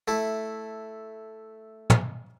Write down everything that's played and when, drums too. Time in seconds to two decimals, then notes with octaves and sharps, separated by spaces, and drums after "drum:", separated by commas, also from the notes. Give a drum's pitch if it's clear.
0.08 A3 E4
1.90 drum: tom